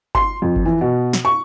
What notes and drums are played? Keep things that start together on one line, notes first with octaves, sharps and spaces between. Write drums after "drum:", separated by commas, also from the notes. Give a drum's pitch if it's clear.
C6, drum: kick G1
F2
drum: kick G1
E3
B2
drum: snare
C#6